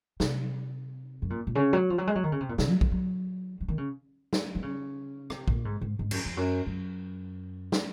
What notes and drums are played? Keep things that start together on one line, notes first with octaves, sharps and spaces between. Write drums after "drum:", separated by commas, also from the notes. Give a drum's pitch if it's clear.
C3, drum: snare
F#2
A#2
A#2
C#3
F#3
F3
F#3
G#3
F#3
D#3
C#3
C3
A#2
C3, drum: snare
F#3
F#3, drum: kick A#1
F#3
F#3
D#3
C#3
drum: snare
D#3
C#3
C3, drum: rim click
A#2, drum: kick A#1
G#2
G#2
G#2
F#2, drum: cymbal
F2
F#2
F#2
drum: snare